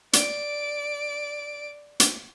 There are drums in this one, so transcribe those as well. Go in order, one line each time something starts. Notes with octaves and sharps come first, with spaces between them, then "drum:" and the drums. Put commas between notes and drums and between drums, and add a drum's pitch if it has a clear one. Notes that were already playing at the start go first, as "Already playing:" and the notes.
D5 D7, drum: hi-hat
drum: hi-hat